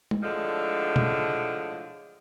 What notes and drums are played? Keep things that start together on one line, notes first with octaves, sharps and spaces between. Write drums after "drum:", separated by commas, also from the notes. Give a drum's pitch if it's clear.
drum: tom
A2 D3 F3 G#3
drum: tom B2